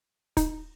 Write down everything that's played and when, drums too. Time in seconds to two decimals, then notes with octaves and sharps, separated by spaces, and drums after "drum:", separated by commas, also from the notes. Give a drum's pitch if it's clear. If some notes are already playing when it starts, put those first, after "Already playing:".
0.37 D#4, drum: kick, hi-hat